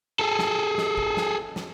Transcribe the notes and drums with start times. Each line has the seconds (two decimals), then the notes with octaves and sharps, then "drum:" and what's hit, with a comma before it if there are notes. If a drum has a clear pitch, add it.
0.19 G#4 A4
0.39 drum: snare
0.78 drum: snare
0.97 drum: kick G1
1.17 drum: snare
1.56 drum: snare